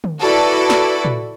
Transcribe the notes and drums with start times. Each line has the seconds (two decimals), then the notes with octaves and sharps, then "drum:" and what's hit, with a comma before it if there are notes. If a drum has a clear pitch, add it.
0.04 drum: tom D3
0.21 E4 F#4 A4 B4 D5
0.70 drum: snare
1.05 drum: tom